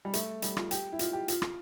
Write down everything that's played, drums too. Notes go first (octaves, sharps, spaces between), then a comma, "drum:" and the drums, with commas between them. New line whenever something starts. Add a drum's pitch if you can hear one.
G3
A3, drum: hi-hat
G3, drum: hi-hat
F4, drum: rim click
G4, drum: hi-hat
E4
F4, drum: hi-hat
G4
F4, drum: hi-hat
drum: rim click